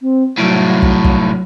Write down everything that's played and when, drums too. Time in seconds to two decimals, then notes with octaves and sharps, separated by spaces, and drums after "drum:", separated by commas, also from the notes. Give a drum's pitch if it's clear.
0.01 C4
0.38 C2 A2 F#3
0.82 drum: kick
1.04 drum: kick